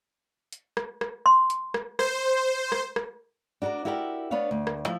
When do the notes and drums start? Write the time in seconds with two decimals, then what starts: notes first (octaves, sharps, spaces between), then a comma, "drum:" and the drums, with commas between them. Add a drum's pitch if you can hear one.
0.52 drum: hi-hat
0.77 drum: rim click
1.01 drum: rim click
1.26 C6
1.50 drum: hi-hat
1.74 drum: rim click
1.99 C5, drum: rim click
2.72 drum: rim click
2.96 drum: rim click
3.62 D4 F#4 A4 A#4 D5
3.85 E4 F#4 G4 A#4 D5 E5
4.31 B3 D4 B4 C#5 F5
4.51 D2
4.67 drum: rim click
4.85 F3 E4